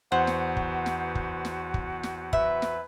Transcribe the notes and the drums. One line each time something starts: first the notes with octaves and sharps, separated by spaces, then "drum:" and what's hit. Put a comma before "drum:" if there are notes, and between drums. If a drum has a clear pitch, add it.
E2 B3 F#4 C5 F#5
drum: snare
drum: kick
drum: snare
drum: kick
drum: snare
drum: kick
drum: snare
B4 E5, drum: kick
drum: snare